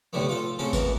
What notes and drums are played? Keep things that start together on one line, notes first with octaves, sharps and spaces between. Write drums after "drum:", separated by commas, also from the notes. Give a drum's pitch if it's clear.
B1 A2 D3 G3 A3 B3
F4 A4
A2 C#3 C4 C#4 A4
C#2 B2 E3 A#4, drum: kick G#1, tambourine